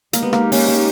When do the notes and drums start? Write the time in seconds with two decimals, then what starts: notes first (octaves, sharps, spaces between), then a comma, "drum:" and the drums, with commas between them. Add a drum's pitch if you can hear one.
0.13 G#3 A#3 D#4 G4, drum: hi-hat
0.23 B3
0.33 A#3, drum: rim click
0.52 A#3 C#4, drum: open hi-hat
0.68 A#3